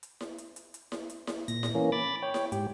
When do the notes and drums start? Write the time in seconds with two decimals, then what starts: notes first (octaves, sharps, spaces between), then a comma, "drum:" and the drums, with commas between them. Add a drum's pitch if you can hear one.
0.03 drum: hi-hat
0.21 drum: snare E4
0.38 drum: hi-hat
0.56 drum: hi-hat
0.74 drum: hi-hat
0.92 drum: snare E4
1.10 drum: hi-hat
1.27 drum: snare E4
1.48 A#2 A#6, drum: hi-hat
1.63 drum: snare E4
1.75 E3 A#3 C#4
1.92 B5 D6 A6
2.23 C#5 G5
2.34 drum: snare E4
2.52 G#2 G4, drum: hi-hat